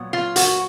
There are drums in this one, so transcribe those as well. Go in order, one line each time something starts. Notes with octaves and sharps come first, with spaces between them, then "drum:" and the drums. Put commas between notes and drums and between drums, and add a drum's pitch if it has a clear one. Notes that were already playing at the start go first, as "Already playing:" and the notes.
Already playing: A#2 F#3 B3
F4
F#4, drum: hi-hat